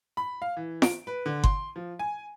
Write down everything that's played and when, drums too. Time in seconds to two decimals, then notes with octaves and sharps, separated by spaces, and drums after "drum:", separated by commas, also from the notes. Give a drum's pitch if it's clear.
0.17 B5
0.42 F5
0.57 E3
0.82 D7, drum: snare
1.07 B4
1.26 D3
1.44 C6, drum: kick G1
1.76 F3
1.99 G#5